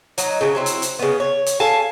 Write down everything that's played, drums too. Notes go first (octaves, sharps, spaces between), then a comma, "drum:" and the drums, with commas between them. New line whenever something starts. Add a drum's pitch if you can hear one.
F#3 D#4, drum: hi-hat
C#3 F3 F#3
F#3 C4 E4
drum: hi-hat
drum: hi-hat
C#3 B3
C#5
drum: hi-hat
A4 F5 G#5 A5